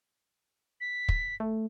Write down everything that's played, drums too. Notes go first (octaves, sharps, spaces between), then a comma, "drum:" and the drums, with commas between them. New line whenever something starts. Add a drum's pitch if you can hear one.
B6
drum: kick
A3